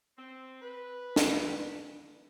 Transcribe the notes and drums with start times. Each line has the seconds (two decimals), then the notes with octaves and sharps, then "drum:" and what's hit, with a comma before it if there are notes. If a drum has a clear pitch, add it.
0.18 C4
0.62 B4
1.16 drum: snare